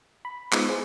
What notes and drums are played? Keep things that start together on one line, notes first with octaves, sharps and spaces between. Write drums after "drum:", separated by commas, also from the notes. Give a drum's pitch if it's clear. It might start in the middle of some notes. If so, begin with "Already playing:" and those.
B5
G#3 B3 D#4 F4 C5, drum: clap
E4 G#4 C5